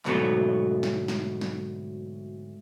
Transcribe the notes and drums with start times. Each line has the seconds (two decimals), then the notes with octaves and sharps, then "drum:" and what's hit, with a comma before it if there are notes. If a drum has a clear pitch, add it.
0.05 D2 G#2 B2 F#3 A3, drum: clap
0.83 drum: snare
1.08 drum: snare
1.41 drum: snare